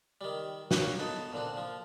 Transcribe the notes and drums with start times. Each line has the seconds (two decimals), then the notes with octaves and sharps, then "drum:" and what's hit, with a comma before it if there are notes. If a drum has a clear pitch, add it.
0.21 D#3 G3
0.71 F#3 A#3 F#4, drum: snare
0.99 B3 D#4 A4
1.33 A#2 D3 C4
1.57 F3